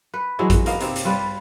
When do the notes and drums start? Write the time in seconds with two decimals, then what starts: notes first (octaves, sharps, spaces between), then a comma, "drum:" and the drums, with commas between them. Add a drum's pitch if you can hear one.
0.14 B4
0.39 E3 F#3 G#3 E4
0.50 drum: kick A1, hi-hat
0.66 A#3 B3 D#5 F5, drum: hi-hat
0.80 C3 C4 D#4, drum: hi-hat
0.96 drum: hi-hat
1.05 G3 F4 B4 D5